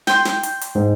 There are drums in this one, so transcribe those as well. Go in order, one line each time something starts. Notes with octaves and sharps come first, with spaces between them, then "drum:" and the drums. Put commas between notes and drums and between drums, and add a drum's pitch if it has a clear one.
G5 C6, drum: snare
drum: snare
drum: hi-hat
drum: hi-hat
G#2